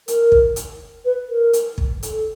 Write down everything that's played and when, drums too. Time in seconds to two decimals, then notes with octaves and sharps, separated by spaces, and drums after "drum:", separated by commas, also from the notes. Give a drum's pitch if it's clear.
0.08 A#4, drum: hi-hat
0.32 drum: kick
0.56 drum: hi-hat
1.05 B4
1.29 A#4
1.53 drum: hi-hat
1.78 drum: kick
2.03 A4, drum: hi-hat